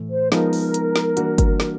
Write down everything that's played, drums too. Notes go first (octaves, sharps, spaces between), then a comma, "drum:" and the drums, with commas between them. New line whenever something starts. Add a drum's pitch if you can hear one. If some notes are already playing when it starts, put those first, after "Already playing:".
Already playing: A2 E3 A3
C5
F3 G#3 B3 D#4 A#4, drum: snare
drum: open hi-hat
drum: hi-hat
drum: snare
E3 G3 A#3 D4 F#4, drum: hi-hat
drum: kick G1, hi-hat
drum: snare